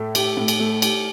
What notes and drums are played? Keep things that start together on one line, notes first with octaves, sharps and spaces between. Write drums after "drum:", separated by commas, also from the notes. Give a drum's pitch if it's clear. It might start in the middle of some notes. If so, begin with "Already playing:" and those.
Already playing: A2 A3
G4, drum: cymbal
A2
drum: cymbal
A3
G4, drum: cymbal